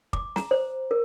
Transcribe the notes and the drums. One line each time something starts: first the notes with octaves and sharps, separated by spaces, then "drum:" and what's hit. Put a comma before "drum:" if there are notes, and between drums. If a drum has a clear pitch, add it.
D6, drum: kick
A#5, drum: snare
C5
A#4